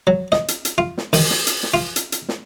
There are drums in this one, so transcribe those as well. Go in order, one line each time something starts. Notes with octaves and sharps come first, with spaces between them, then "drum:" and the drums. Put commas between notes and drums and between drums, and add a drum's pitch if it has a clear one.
F#3
D#5, drum: snare
drum: hi-hat
drum: hi-hat
F4
drum: snare
D#3, drum: open hi-hat
drum: snare
drum: hi-hat
drum: snare
F4
drum: hi-hat
drum: hi-hat
drum: snare